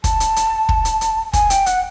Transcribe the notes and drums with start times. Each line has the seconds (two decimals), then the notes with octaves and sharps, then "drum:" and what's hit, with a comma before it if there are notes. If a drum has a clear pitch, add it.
0.04 A5, drum: kick, hi-hat
0.20 drum: hi-hat
0.36 drum: hi-hat
0.69 drum: kick
0.85 drum: hi-hat
1.01 drum: hi-hat
1.33 G#5, drum: kick, hi-hat
1.50 G5, drum: hi-hat
1.66 F#5, drum: hi-hat